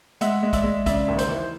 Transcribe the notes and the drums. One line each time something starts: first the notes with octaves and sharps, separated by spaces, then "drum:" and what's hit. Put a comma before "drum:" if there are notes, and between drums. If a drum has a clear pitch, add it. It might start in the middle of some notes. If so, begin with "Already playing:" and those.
G#3 E5 F#5, drum: hi-hat
G#3
D5 E5, drum: kick A#1, hi-hat
G#3
C#3 D5 E5, drum: kick A#1, hi-hat
D#2
C5, drum: hi-hat
E3